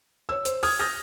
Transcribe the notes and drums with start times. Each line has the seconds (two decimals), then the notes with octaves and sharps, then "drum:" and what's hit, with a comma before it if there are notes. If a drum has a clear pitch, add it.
0.29 C#5 E6
0.45 C5, drum: hi-hat
0.63 D#6 F6 G#6, drum: open hi-hat
0.79 D#6 F6 G6 A6 A#6